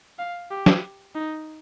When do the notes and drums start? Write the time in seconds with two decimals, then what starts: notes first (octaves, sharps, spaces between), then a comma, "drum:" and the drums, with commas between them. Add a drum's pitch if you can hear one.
0.19 F5
0.51 G4
0.66 drum: snare
1.15 D#4